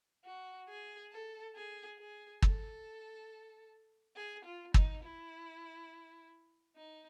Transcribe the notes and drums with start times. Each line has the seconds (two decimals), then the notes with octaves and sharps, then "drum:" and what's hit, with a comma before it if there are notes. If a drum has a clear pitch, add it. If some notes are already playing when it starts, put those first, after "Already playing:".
0.25 F#4
0.69 G#4
1.12 A4
1.56 G#4
1.99 G#4
2.42 A4, drum: kick
4.16 G#4
4.45 F4
4.74 D#4, drum: kick
5.03 E4
6.77 D#4